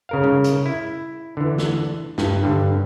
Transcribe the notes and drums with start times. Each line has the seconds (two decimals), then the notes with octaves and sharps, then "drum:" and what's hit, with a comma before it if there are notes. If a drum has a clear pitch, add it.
0.09 C#3 A#4 F5
0.24 drum: tom G3
0.44 drum: hi-hat
0.66 E4
1.37 D3 E3
1.58 drum: snare
2.18 G2, drum: snare
2.43 G2 D3